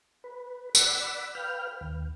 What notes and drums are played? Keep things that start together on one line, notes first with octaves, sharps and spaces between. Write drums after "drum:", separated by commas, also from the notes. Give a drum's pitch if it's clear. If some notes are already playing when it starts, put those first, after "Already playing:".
B4
D5 F#5 B5 E6, drum: tambourine
B4 F5 G5 F6
D#2